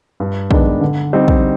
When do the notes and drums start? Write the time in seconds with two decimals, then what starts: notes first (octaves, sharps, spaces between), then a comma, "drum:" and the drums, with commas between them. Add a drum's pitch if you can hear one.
0.20 G2
0.51 D#3 G#3 B3 D4, drum: kick
0.81 D3
1.13 G3 C4 D#4
1.28 drum: kick